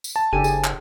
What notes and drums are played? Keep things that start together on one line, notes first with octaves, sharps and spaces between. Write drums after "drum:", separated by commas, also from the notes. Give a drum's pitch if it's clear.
drum: tambourine
A5
F#1 D4 G4 A4 G#5
G#4, drum: tambourine
drum: clap